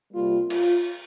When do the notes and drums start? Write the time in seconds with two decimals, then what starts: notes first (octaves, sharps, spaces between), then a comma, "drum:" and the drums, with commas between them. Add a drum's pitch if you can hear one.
0.12 C3 G3 A#3 F4
0.50 F4, drum: cymbal